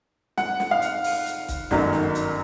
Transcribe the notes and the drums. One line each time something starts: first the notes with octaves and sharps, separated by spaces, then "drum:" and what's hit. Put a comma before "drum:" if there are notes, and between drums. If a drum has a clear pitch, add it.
F#5, drum: snare
drum: snare
F5
drum: hi-hat
drum: open hi-hat
drum: hi-hat
drum: kick, hi-hat
G1 F#2 D#3 F#3, drum: snare
drum: snare
drum: hi-hat